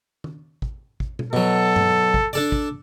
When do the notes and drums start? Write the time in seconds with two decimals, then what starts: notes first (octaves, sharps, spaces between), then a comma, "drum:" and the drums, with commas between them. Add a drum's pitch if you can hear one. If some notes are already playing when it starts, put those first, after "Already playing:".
0.24 drum: tom D#3
0.62 drum: kick
1.00 drum: kick
1.19 drum: tom B2
1.33 B2 F#3 A4
1.76 drum: tom G2
2.14 drum: kick
2.33 D4 A4 D5
2.52 drum: kick